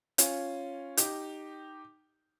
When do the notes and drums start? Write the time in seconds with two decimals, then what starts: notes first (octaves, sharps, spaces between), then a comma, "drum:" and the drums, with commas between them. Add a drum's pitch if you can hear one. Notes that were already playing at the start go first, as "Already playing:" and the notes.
0.18 C#4 F4, drum: hi-hat
0.97 D#4 G4, drum: hi-hat